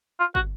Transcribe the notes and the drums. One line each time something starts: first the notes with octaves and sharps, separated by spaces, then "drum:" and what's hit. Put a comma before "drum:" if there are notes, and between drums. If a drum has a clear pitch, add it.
F4
F#4, drum: kick